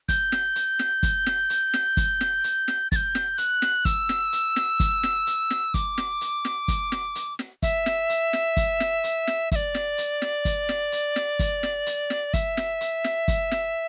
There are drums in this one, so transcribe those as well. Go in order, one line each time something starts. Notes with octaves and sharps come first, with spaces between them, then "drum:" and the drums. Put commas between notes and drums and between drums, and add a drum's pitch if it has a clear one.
G6, drum: kick, hi-hat
drum: snare
drum: hi-hat
drum: snare
drum: kick, hi-hat
drum: snare
drum: hi-hat
drum: snare
drum: kick, hi-hat
drum: snare
drum: hi-hat
drum: snare
A6, drum: kick, hi-hat
G6
drum: snare
F#6, drum: hi-hat
drum: snare
E6, drum: kick, hi-hat
drum: snare
drum: hi-hat
drum: snare
drum: kick, hi-hat
drum: snare
drum: hi-hat
drum: snare
D6, drum: kick, hi-hat
drum: snare
drum: hi-hat
drum: snare
drum: kick, hi-hat
drum: snare
drum: hi-hat
drum: snare
E5, drum: kick, hi-hat
drum: snare
drum: hi-hat
drum: snare
drum: kick, hi-hat
drum: snare
drum: hi-hat
drum: snare
E5, drum: kick, hi-hat
D5
drum: snare
drum: hi-hat
drum: snare
drum: kick, hi-hat
drum: snare
drum: hi-hat
drum: snare
drum: kick, hi-hat
drum: snare
drum: hi-hat
drum: snare
E5, drum: kick, hi-hat
drum: snare
drum: hi-hat
drum: snare
drum: kick, hi-hat
drum: snare